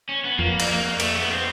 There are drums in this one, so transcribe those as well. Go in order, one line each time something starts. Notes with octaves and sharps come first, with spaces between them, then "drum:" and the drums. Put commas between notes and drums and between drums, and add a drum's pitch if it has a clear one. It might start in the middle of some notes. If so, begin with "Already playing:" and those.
C#4
B3
F2 A#3
drum: cymbal
A#3
A3, drum: cymbal
B3
C4